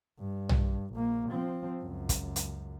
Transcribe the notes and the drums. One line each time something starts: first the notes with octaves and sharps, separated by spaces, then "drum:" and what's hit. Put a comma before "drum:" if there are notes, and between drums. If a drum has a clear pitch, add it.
G2
drum: tom
A#1 A#3
F3 C4
C#2 F#2
drum: kick, hi-hat
drum: hi-hat